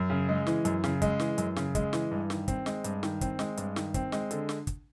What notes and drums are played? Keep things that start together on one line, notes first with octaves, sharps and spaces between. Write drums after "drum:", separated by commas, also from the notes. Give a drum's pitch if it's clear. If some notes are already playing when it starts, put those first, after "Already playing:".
Already playing: F#2
C#3
G#3
E3, drum: snare
F#2, drum: hi-hat
C#3, drum: snare
G#3, drum: kick, hi-hat
E3, drum: snare
F#2, drum: hi-hat
C#3, drum: snare
G#3, drum: kick, hi-hat
E3, drum: snare
G2
D#3, drum: snare
C4, drum: kick, hi-hat
G#3, drum: snare
G2, drum: hi-hat
D#3, drum: snare
C4, drum: kick, hi-hat
G#3, drum: snare
G2, drum: hi-hat
D#3, drum: snare
C4, drum: kick, hi-hat
G#3, drum: snare
D3, drum: hi-hat
drum: snare
drum: kick, hi-hat